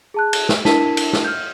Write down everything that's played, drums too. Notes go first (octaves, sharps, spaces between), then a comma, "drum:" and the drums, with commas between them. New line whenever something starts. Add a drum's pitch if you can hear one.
G#4 A5 F#6
drum: cymbal
drum: snare
D4 E4 A#4 A5 B6 D#7, drum: snare
drum: cymbal
drum: snare
F6 G6